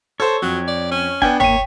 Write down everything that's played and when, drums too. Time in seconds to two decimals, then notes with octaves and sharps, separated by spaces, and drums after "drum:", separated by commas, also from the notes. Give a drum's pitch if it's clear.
0.20 A4 C5 C#5
0.42 F2 F#3
0.68 D5
0.91 C#4
1.22 B3 D4 G5 G#5, drum: kick
1.40 A#3 C#5 G5 B6 D#7, drum: tom G1